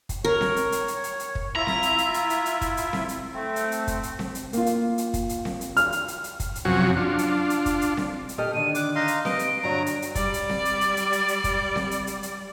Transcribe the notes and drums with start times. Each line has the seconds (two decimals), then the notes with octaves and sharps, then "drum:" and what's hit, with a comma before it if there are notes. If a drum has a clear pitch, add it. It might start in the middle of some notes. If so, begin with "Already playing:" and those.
0.09 drum: kick, hi-hat
0.25 A#4 C#5
0.41 drum: snare C4
0.56 drum: hi-hat
0.72 drum: hi-hat
0.88 drum: hi-hat
1.04 drum: hi-hat
1.20 drum: hi-hat
1.35 drum: kick
1.56 E4 F4 E5 A#5
1.67 drum: snare C4
1.83 drum: hi-hat
1.98 drum: hi-hat
2.14 drum: hi-hat
2.30 drum: hi-hat
2.46 drum: hi-hat
2.61 drum: kick, hi-hat
2.77 drum: hi-hat
2.93 drum: snare C4
3.09 drum: hi-hat
3.33 A3 C4
3.56 drum: hi-hat
3.72 drum: hi-hat
3.87 drum: kick, hi-hat
4.03 drum: hi-hat
4.19 drum: snare C4
4.35 drum: hi-hat
4.53 A#3 F4, drum: hi-hat
4.66 drum: hi-hat
4.98 drum: hi-hat
5.14 drum: kick, hi-hat
5.29 drum: hi-hat
5.45 drum: snare C4
5.61 drum: hi-hat
5.77 F6, drum: hi-hat
5.92 drum: hi-hat
6.08 drum: hi-hat
6.24 drum: hi-hat
6.40 drum: kick, hi-hat
6.55 drum: hi-hat
6.65 F#2 C3 F3 F#3 C#4 F#4
6.97 D4 F4
7.18 drum: hi-hat
7.50 drum: hi-hat
7.66 drum: kick, hi-hat
7.82 drum: hi-hat
7.97 drum: snare C4
8.29 drum: hi-hat
8.38 G4 A4 D#5 F6
8.53 D3 D#3 D4 D#7
8.75 D6 F#6, drum: hi-hat
8.95 D#4 F5 C6 A#6
9.08 drum: hi-hat
9.25 G4 B4 D#5 F5 D7, drum: snare C4
9.39 drum: hi-hat
9.64 G2 D3 F#3 A#5
9.86 drum: hi-hat
10.02 drum: hi-hat
10.15 G3 D5, drum: kick, hi-hat
10.34 drum: hi-hat
10.49 drum: snare C4
10.65 drum: hi-hat
10.81 drum: hi-hat
10.97 drum: hi-hat
11.13 drum: hi-hat
11.28 drum: hi-hat
11.44 drum: kick, hi-hat
11.76 drum: snare C4
11.91 drum: hi-hat
12.07 drum: hi-hat
12.23 drum: hi-hat